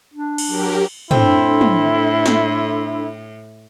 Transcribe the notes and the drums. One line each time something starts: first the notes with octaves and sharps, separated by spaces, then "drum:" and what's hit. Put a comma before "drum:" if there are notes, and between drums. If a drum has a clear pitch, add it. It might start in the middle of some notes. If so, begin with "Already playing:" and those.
D4
drum: cymbal
F#3 G4 A#4
A2 C4 D4 E4 A4, drum: tom
drum: tom
drum: snare